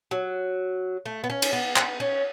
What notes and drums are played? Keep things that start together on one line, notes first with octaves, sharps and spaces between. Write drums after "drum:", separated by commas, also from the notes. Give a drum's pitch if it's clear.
F#3
A3
B3
C#4
drum: cymbal
B3
B3, drum: clap
C#4